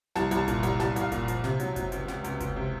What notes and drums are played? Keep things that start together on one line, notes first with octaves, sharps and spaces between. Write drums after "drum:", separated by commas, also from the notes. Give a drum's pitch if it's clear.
C2 A5, drum: snare
C2, drum: hi-hat
A5
A#2, drum: kick F#1, hi-hat
C2, drum: hi-hat
C2 A5, drum: snare
C2 F5, drum: hi-hat
A#2, drum: kick F#1, hi-hat
F3, drum: hi-hat
C3, drum: snare
F#3, drum: hi-hat
F#3, drum: kick F#1, hi-hat
C#2, drum: hi-hat
C#2, drum: snare
C#2, drum: hi-hat
C#2, drum: kick F#1, hi-hat
C3